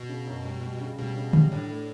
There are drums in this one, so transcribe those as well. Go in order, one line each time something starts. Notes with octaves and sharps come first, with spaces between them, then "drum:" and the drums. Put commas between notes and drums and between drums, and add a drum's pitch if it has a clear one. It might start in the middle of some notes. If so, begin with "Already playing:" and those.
Already playing: B2
C#3
F#2
G3
G3
C#3
B2 G3
C#3
G3, drum: tom D3
A2 D4
A3